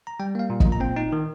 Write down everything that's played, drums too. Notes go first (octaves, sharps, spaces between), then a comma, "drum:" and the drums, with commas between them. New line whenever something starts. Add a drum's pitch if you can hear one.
A#5
G3 G5
A#3 F5
A#2
D#5, drum: kick
A#2
A#5
C4 G5
D#4
D#3